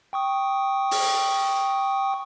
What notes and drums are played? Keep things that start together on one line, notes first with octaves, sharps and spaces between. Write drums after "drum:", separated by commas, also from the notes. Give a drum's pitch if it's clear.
G5 C#6 D#6
drum: open hi-hat